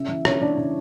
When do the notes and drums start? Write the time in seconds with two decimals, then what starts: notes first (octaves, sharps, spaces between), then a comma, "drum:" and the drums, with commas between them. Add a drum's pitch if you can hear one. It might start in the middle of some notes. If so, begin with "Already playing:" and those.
Already playing: C#3 E5
0.09 E3
0.25 C#3 C#5, drum: rim click
0.41 E3 D4
0.57 C#3